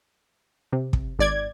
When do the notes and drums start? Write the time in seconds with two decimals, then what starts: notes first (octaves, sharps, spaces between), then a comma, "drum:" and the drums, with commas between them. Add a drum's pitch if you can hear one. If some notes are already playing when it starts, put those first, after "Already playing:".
0.73 C3
0.93 drum: kick
1.19 G#1 D5 G#6